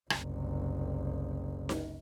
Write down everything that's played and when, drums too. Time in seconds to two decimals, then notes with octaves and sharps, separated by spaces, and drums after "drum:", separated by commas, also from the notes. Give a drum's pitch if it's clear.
0.10 F#1 C2, drum: rim click
1.69 drum: snare D#4